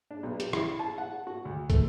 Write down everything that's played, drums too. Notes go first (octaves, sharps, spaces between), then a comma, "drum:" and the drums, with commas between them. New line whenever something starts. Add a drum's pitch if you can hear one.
D4
B1
G4, drum: hi-hat
E4, drum: rim click
A5
F#5
F#4
D2
A3, drum: kick, hi-hat